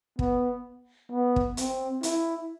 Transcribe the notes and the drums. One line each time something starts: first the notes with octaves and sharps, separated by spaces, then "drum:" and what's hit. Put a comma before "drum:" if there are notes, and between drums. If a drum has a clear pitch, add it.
B3, drum: kick
B3
drum: kick
C4, drum: hi-hat
E4, drum: hi-hat